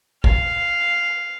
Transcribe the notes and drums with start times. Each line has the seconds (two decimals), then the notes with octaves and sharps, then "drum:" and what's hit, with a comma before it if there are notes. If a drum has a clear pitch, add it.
0.24 F5, drum: kick